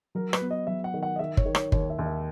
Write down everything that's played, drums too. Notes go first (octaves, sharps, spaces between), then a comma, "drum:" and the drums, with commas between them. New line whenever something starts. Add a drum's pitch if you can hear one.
F#3 A#4
B4, drum: rim click
B3
D#5
F#3 E5
F#5
D#3
F#5
D#5
D#3 E5
C#5, drum: kick G1
D#3
C#5, drum: rim click
D#2 C#5, drum: kick G1
E5
D#2
E5